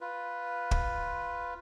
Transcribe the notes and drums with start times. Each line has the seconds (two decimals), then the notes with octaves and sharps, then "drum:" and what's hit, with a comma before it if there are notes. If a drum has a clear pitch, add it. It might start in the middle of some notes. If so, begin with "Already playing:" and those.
0.01 F4 B4
0.71 drum: kick